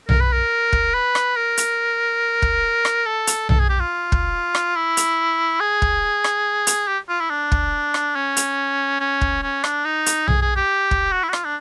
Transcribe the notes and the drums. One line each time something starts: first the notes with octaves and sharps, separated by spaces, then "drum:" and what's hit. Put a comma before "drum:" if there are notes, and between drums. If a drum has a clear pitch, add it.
A#4, drum: tom B1
B4
A#4
drum: kick
B4
drum: rim click
A#4
drum: hi-hat
drum: kick
drum: rim click
A4
drum: hi-hat
A4, drum: tom B1
G#4
G4
F4
drum: kick
drum: rim click
E4
drum: hi-hat
G#4
drum: kick
drum: rim click
drum: hi-hat
G4
F4
E4
D4
drum: kick
drum: rim click
C#4
drum: hi-hat
C#4
drum: kick
C#4
D4, drum: rim click
D#4
drum: hi-hat
G#4, drum: tom B1
G#4
G4
drum: kick
F#4
E4
F#4
F4, drum: rim click
D4